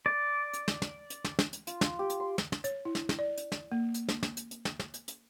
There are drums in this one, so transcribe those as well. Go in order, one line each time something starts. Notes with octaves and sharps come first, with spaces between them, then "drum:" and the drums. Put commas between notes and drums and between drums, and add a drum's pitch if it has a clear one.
D5
drum: hi-hat
drum: snare
drum: snare
drum: hi-hat
drum: snare
drum: snare
drum: hi-hat
F4, drum: hi-hat
drum: snare
G4
drum: hi-hat
C6
drum: snare
drum: snare
C#5, drum: hi-hat
E4
drum: snare
drum: snare
D5
drum: hi-hat
drum: snare
A#3
drum: hi-hat
drum: snare
drum: snare
drum: hi-hat
drum: hi-hat
drum: snare
drum: snare
drum: hi-hat
drum: hi-hat